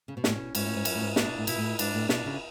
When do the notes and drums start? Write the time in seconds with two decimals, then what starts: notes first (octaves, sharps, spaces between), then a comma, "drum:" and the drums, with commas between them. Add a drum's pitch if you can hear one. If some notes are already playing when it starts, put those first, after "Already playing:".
0.08 C#3
0.17 B2
0.24 A2 C#4, drum: snare
0.36 B2
0.55 G#2 C#4, drum: cymbal
0.65 A2
0.75 G#2
0.85 F#2, drum: cymbal
0.95 A2
1.01 G#2
1.16 A2 D4, drum: snare
1.27 B2
1.38 A2
1.47 B2 E4, drum: cymbal
1.58 A2
1.79 G#2 D4, drum: cymbal
1.94 A2
2.09 B2 D4, drum: snare
2.26 C#3